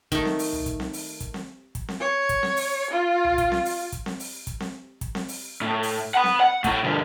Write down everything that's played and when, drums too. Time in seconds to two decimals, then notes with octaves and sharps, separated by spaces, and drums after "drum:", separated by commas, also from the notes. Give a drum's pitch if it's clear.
0.12 D#3 A3, drum: kick, hi-hat
0.25 drum: snare C4
0.39 drum: open hi-hat
0.52 drum: tom C2
0.66 drum: kick, hi-hat
0.80 drum: snare C4
0.93 drum: open hi-hat
1.20 drum: kick, hi-hat
1.34 drum: snare C4
1.75 drum: kick, hi-hat
1.88 drum: snare C4
2.00 C#5
2.29 drum: kick, hi-hat
2.43 drum: snare C4
2.56 drum: open hi-hat
2.90 F4
3.24 drum: tom C2
3.38 drum: kick, hi-hat
3.52 drum: snare C4
3.65 drum: open hi-hat
3.92 drum: kick, hi-hat
4.06 drum: snare C4
4.20 drum: open hi-hat
4.47 drum: kick, hi-hat
4.60 drum: snare C4
5.01 drum: kick, hi-hat
5.15 drum: snare C4
5.28 drum: open hi-hat
5.61 A2
5.83 drum: open hi-hat
6.14 F#5 B5
6.24 drum: snare C4
6.40 F#5
6.64 A2 A3, drum: kick, hi-hat
6.84 D2 G2